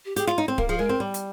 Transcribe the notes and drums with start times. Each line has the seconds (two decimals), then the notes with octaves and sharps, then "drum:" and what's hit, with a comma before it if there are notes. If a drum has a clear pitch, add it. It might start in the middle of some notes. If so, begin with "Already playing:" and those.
0.05 G4
0.16 G4 G#4, drum: hi-hat
0.27 F4, drum: snare
0.38 D#4
0.48 C4
0.58 A#3 A#4, drum: kick D1
0.68 F3 G#4
0.78 G#3 A#4
0.89 C4
1.00 G3
1.14 drum: hi-hat